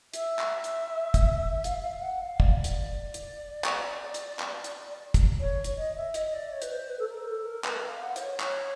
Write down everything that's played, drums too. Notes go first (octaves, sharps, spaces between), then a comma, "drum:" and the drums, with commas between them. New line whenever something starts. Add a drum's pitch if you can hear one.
E5, drum: hi-hat
drum: clap
drum: hi-hat
drum: kick, hi-hat
F5, drum: hi-hat
F5
F#5
F5
D5, drum: kick
drum: hi-hat
drum: hi-hat
drum: clap
drum: hi-hat
drum: clap
drum: hi-hat
drum: kick, hi-hat
C#5
drum: hi-hat
D#5
E5
D#5, drum: hi-hat
D5
C#5
B4, drum: hi-hat
C5
B4
A4
A#4
A4
A#4
B4, drum: clap
F5
F#5
C5, drum: hi-hat
C#5
C#5, drum: clap